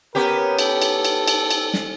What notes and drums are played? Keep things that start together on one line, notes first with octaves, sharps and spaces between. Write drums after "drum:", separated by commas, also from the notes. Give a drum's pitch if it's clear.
B3 C#4 G4 A#4
A4, drum: cymbal
drum: cymbal
drum: cymbal
drum: cymbal
drum: cymbal
drum: snare